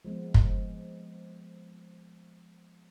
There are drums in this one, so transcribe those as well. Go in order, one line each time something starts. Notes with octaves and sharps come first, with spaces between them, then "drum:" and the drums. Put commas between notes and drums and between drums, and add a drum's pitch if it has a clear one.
F3 G#3 A#3 B3
drum: kick